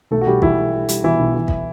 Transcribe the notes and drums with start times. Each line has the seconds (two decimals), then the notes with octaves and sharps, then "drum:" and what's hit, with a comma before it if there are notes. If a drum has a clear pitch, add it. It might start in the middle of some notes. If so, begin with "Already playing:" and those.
0.11 B1 A3 A4
0.22 F#4
0.26 B1 G3 G4
0.42 B1 E3 E4, drum: kick
0.58 G3
0.73 G3
0.89 G3, drum: hi-hat
1.04 B2 E3 E4
1.19 B1
1.35 E3
1.48 drum: kick